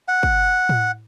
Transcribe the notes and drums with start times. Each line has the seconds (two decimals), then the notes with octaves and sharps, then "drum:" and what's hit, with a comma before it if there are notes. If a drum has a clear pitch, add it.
0.08 F#5
0.23 drum: kick
0.69 drum: tom A2